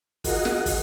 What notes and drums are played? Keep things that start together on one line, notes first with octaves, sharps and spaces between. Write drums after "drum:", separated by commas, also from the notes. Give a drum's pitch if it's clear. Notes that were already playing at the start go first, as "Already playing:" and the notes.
F4 F#4 G#4 A#4 D#5 F#5, drum: kick, open hi-hat
drum: snare
drum: kick, open hi-hat